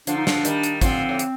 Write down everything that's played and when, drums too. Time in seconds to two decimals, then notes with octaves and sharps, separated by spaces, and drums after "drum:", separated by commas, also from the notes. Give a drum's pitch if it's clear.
0.07 D3 F3 D4, drum: hi-hat
0.17 D#4
0.27 D4, drum: snare
0.45 D#3 G3, drum: hi-hat
0.63 drum: hi-hat
0.81 D3 F3 C4, drum: kick G#1, hi-hat
1.09 A2
1.19 drum: hi-hat